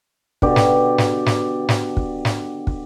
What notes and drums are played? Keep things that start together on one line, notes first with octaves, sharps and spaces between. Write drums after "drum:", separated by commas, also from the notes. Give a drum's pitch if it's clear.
B2 D3 G4 D5, drum: kick
drum: snare
drum: snare
drum: snare
drum: snare
drum: kick
drum: snare
drum: kick